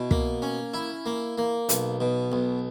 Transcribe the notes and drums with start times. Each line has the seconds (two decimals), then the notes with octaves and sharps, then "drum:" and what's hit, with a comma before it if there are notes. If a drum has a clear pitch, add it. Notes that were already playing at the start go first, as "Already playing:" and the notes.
Already playing: B2 E4
0.11 A#3, drum: kick
0.42 C#4
0.74 E4
1.06 A#3
1.38 A#3
1.69 B1, drum: hi-hat
2.01 B2
2.32 B1